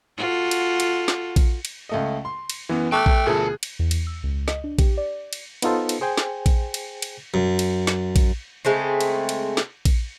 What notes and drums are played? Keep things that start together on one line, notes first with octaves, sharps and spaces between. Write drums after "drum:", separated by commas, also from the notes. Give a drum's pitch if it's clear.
F4 F#4 A4
drum: cymbal
drum: cymbal
drum: snare
drum: kick A#1, cymbal
drum: cymbal
C#2 A3 D#5
C6
drum: cymbal
F#2 E3 B3
A3 G5 A5 C#6 D6 F#6
drum: kick A#1
D2 B2 F3 G#4 A#4 A5
drum: cymbal
E2
drum: cymbal
E6
C#2
D#5, drum: snare
D4
G4, drum: kick A#1, cymbal
D5
drum: cymbal
B3 D#4 F4 A4 C5, drum: cymbal
drum: cymbal
G#4 C5 G5 G#5
drum: snare
drum: kick A#1, cymbal
drum: cymbal
drum: cymbal
F#2
drum: cymbal
drum: snare
drum: kick A#1, cymbal
C#3 G#3 A3 C4
drum: cymbal
drum: cymbal
drum: snare
drum: kick A#1, cymbal